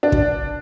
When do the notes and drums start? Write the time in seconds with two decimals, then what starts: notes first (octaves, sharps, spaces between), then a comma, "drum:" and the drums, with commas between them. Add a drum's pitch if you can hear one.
0.03 D4
0.12 drum: kick